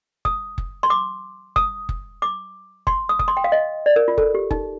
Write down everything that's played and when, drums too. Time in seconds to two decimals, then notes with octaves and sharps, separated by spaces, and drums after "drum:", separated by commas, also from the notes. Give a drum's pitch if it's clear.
0.25 D#6, drum: kick F#1
0.58 drum: kick F#1
0.83 C6
0.90 D6
1.56 D#6, drum: kick F#1
1.89 drum: kick F#1
2.22 D6
2.87 C6, drum: kick F#1
3.09 D#6
3.19 D#6, drum: kick F#1
3.28 C6
3.37 G5
3.44 F5
3.52 D#5
3.86 D5
3.96 A#4
4.08 F4
4.18 A4, drum: kick F#1
4.34 G4
4.51 D#4, drum: kick F#1